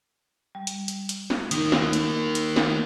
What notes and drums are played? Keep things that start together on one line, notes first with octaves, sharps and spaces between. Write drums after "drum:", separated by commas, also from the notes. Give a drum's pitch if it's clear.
G3
drum: hi-hat
drum: hi-hat
drum: hi-hat
drum: snare
D#3 A#3 D#4, drum: hi-hat
drum: snare
drum: hi-hat
drum: hi-hat
drum: snare